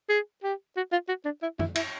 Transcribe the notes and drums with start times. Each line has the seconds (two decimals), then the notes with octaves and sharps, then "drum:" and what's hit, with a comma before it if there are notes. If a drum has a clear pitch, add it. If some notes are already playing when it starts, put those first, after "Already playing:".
0.09 G#4
0.43 G4
0.77 F#4
0.92 F4
1.09 F#4
1.25 D4
1.42 E4
1.59 E4, drum: tom F#2
1.75 E4, drum: cymbal